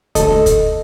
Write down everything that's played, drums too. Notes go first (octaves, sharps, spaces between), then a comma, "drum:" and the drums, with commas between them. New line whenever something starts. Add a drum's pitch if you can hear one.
D2 A4 D#5, drum: kick, hi-hat
drum: snare
drum: kick, hi-hat